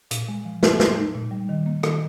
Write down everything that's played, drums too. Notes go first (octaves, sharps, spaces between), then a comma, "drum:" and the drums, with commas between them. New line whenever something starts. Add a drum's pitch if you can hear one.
A#2, drum: hi-hat
G#3
F3
A#3, drum: snare
G#3, drum: snare
D#4
A#2
G3
D#3
A#3
D#3, drum: rim click